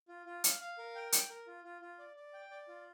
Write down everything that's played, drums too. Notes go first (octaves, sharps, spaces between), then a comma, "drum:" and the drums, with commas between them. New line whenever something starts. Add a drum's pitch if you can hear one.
F4
F4
F5, drum: hi-hat
F5
A#4
G5
G5, drum: hi-hat
A#4
F4
F4
F4
D5
D5
G5
D5
F4